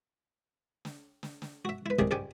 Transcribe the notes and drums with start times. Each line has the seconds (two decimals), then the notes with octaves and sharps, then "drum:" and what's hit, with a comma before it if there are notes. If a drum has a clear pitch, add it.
0.85 drum: snare
1.23 drum: snare
1.42 drum: snare
1.65 F#4 E5
1.86 E4 B4
1.99 A2 C3 D#3 G3 G4 G#4, drum: kick
2.11 C#2 G#2 G3 G4 G5 G#5